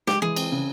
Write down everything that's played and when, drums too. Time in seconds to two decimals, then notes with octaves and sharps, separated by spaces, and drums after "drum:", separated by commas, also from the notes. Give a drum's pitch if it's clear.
0.07 G#3 G4, drum: snare
0.22 E3 G#4
0.36 C4, drum: cymbal
0.52 C#3